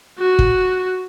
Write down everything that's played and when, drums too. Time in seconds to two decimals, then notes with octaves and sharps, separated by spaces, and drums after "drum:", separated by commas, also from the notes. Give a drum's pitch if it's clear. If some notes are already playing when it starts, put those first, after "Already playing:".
0.19 F#4
0.39 drum: kick